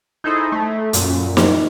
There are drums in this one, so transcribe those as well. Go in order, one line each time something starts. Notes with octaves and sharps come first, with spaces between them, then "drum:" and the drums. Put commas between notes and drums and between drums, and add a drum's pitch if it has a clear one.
D#4 E4 G#4 A4 C5 D#5
A3
F#2 A#2, drum: hi-hat
drum: snare